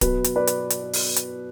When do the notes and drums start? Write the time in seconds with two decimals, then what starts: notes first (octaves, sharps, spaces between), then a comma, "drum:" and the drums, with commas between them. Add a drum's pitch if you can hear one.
0.01 B2 F#3 B4, drum: kick D1, hi-hat
0.24 drum: hi-hat
0.36 B4 D5
0.47 drum: hi-hat
0.70 drum: hi-hat
0.93 drum: open hi-hat
1.16 drum: hi-hat